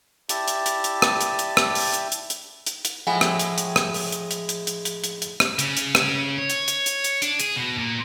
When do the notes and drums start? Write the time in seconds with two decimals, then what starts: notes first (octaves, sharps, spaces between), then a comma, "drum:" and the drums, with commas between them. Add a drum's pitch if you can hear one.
0.29 E4 G4 D5 A5, drum: hi-hat
0.48 drum: hi-hat
0.66 drum: hi-hat
0.84 drum: hi-hat
1.02 drum: rim click
1.21 drum: hi-hat
1.39 drum: hi-hat
1.57 drum: rim click
1.75 drum: open hi-hat
1.94 drum: hi-hat
2.12 drum: hi-hat
2.30 drum: hi-hat
2.66 drum: hi-hat
2.85 drum: hi-hat
3.07 A2 F3 G#3 G#4 E5 F#5 G#5 B5
3.21 drum: rim click
3.39 drum: hi-hat
3.58 drum: hi-hat
3.76 drum: rim click
3.94 drum: open hi-hat
4.12 drum: hi-hat
4.31 drum: hi-hat
4.49 drum: hi-hat
4.67 drum: hi-hat
4.85 drum: hi-hat
5.04 drum: hi-hat
5.22 drum: hi-hat
5.40 drum: rim click
5.59 C#3, drum: hi-hat
5.77 drum: hi-hat
5.95 drum: rim click
6.38 C#5
6.50 drum: hi-hat
6.68 drum: hi-hat
6.86 drum: hi-hat
7.04 drum: hi-hat
7.22 D4, drum: hi-hat
7.39 G#4, drum: hi-hat
7.56 B2
7.78 A#2